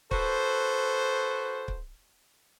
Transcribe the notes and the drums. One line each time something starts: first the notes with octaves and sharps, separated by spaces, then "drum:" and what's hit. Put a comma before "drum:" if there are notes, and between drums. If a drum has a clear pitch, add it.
F#4 A4 B4 C5, drum: kick C#1
drum: kick C#1